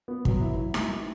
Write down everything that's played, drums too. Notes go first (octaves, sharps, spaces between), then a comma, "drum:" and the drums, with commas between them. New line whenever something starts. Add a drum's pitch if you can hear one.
B3
F#3, drum: kick
E4
E4
drum: snare D#4